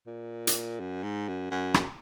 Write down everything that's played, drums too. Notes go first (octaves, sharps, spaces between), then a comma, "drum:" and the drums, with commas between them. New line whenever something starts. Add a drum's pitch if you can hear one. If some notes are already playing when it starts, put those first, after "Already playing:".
A#2
drum: hi-hat
F#2
G#2
F#2
F#2
drum: rim click